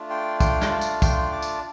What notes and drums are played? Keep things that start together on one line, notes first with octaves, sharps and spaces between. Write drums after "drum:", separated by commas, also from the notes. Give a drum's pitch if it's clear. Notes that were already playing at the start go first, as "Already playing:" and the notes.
Already playing: A3 D4 F4
G5 C6
G5 C6, drum: kick, tambourine
drum: snare
F5 A5
drum: tambourine
G5 C6, drum: kick, tambourine
A5 D6
drum: tambourine